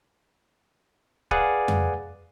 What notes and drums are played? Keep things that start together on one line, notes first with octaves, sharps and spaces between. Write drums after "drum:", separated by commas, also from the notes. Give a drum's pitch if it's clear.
G#4 B4 D5 F5 F#5 G#5, drum: kick
drum: tom F2